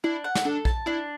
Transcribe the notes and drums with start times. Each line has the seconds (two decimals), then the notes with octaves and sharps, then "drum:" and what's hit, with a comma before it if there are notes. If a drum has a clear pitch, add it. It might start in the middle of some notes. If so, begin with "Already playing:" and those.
0.04 D4 E4
0.24 F#5
0.35 drum: snare
0.45 D4 A4
0.65 A5, drum: kick A#1
0.86 D4 E4